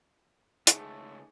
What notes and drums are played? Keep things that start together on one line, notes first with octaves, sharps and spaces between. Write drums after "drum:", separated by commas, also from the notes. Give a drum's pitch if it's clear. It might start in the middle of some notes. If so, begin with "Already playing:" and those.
C#2 A3 D#4 G#4 G#5, drum: hi-hat